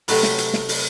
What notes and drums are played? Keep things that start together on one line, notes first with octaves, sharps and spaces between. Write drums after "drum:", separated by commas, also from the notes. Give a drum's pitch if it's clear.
C3 F#3 A3 B4, drum: open hi-hat
drum: snare
drum: hi-hat
drum: snare
drum: open hi-hat